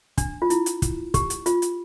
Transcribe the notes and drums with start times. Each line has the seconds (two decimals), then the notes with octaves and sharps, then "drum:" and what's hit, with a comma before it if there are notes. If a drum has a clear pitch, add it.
0.18 D4, drum: kick, hi-hat
0.42 F4
0.50 E4, drum: hi-hat
0.66 drum: hi-hat
0.82 drum: kick, hi-hat
1.14 G4, drum: kick, hi-hat
1.30 drum: hi-hat
1.46 F4, drum: hi-hat
1.62 drum: hi-hat